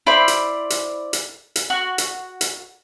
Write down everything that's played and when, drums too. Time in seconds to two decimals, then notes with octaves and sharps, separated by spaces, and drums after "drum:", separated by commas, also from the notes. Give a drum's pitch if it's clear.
0.06 E4 C5 D5 B5
0.28 drum: hi-hat
0.70 drum: hi-hat
1.13 drum: hi-hat
1.56 drum: hi-hat
1.70 F#4
1.98 drum: hi-hat
2.41 drum: hi-hat